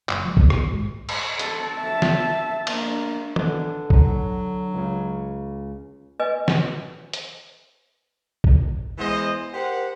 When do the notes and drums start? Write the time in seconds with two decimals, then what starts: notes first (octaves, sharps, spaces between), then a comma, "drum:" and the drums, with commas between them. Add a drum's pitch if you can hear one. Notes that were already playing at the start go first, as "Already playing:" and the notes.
0.09 F#1, drum: clap
0.25 F3 G3
0.37 F#1 A#2 B3, drum: kick B1
0.50 D#2, drum: rim click
0.72 G#2
1.09 drum: cymbal
1.39 A4, drum: hi-hat
1.78 E5 A5
2.02 drum: snare
2.67 A#3 D4, drum: cymbal
3.36 D3 E3 D4, drum: tom D#3
3.90 F#3, drum: kick B1
4.74 C#2 C#3
6.20 B4 D#5 G#5
6.48 drum: snare
7.13 drum: hi-hat
8.44 drum: kick B1
8.98 E3 G#3 B3 C5 D#5
9.54 G4 A#4 C5 F#5